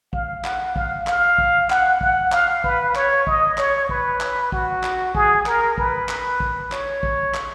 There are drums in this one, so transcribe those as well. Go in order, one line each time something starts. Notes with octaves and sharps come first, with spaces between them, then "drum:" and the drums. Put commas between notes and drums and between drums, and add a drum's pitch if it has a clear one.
F5, drum: kick
F#5, drum: clap
F5, drum: kick
F5, drum: clap
drum: kick
F#5, drum: clap
F#5, drum: kick
F5, drum: clap
B4, drum: kick
C#5, drum: clap
D#5, drum: kick
C#5, drum: clap
B4, drum: kick
drum: clap
F#4, drum: kick
drum: clap
G#4, drum: kick
A#4, drum: clap
B4, drum: kick
drum: clap
drum: kick
C#5, drum: clap
drum: kick
drum: clap